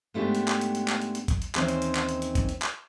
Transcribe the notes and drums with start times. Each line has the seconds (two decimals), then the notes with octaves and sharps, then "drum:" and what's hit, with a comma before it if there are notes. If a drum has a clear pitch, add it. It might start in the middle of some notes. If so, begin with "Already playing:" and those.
0.14 G#2 G#3 A3 B3 D4 G4
0.35 drum: hi-hat
0.48 drum: clap
0.61 drum: hi-hat
0.75 drum: hi-hat
0.88 drum: clap
1.02 drum: hi-hat
1.15 drum: hi-hat
1.28 drum: kick, hi-hat
1.42 drum: hi-hat
1.55 D#2 E3 C4 C#4 D#4 C5, drum: clap
1.68 drum: hi-hat
1.82 drum: hi-hat
1.95 drum: clap
2.09 drum: hi-hat
2.22 drum: hi-hat
2.35 drum: kick, hi-hat
2.49 drum: hi-hat
2.62 drum: clap